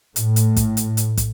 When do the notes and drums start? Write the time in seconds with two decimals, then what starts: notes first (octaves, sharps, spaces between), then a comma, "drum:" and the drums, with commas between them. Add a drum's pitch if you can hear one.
0.16 A2, drum: hi-hat
0.36 drum: hi-hat
0.56 drum: kick, hi-hat
0.77 drum: hi-hat
0.97 drum: hi-hat
1.17 drum: kick, hi-hat